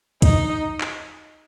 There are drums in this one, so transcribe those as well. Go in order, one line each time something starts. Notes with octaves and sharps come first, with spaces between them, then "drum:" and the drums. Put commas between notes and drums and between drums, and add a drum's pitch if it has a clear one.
D#4, drum: kick, hi-hat
drum: clap